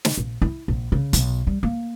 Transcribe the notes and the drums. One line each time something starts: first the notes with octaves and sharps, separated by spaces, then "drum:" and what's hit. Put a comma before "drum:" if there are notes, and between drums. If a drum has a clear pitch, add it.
drum: snare
A#1
E4
A#1
C#3
B1, drum: hi-hat
G3
A#3